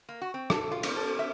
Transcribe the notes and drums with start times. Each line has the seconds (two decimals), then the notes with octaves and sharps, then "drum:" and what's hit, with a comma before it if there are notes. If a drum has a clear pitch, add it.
0.09 A#3
0.21 F#4
0.34 C4
0.50 A4, drum: rim click
0.71 F4
0.83 drum: cymbal
0.96 A4
1.19 E5